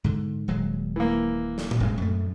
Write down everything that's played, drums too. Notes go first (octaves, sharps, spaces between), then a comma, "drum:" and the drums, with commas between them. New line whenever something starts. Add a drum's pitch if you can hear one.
G#2 D3
D#1 F#3 G#3
E3 A#3
drum: snare
drum: tom A2
E1 G2 G#3
F#2 A3